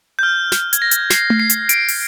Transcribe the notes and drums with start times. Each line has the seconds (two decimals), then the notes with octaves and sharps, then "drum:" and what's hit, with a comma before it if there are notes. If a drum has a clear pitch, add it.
0.19 G6
0.23 F6
0.52 G6, drum: snare
0.73 G#6, drum: hi-hat
0.82 A#6
0.91 drum: hi-hat
1.10 C7, drum: snare
1.30 drum: tom A3
1.39 C7
1.50 drum: hi-hat
1.69 D7, drum: hi-hat
1.88 drum: open hi-hat